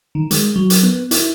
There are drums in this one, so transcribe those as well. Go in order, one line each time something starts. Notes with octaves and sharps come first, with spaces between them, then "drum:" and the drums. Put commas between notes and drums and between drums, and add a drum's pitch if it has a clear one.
D#3
G#3, drum: hi-hat
F#3
drum: hi-hat
B3
E4, drum: hi-hat